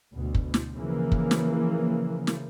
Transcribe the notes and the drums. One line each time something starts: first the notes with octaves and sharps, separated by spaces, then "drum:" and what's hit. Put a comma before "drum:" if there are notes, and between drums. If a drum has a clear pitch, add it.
D2 B2
drum: kick
drum: snare
C#3 E3 F3 A#3
drum: kick
drum: snare
drum: snare